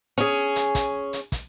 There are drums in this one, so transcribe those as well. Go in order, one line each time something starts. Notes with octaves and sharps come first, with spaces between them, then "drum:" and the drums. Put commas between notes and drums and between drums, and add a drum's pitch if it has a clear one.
C#4 G#4
drum: hi-hat
drum: kick, hi-hat
drum: hi-hat
drum: kick, hi-hat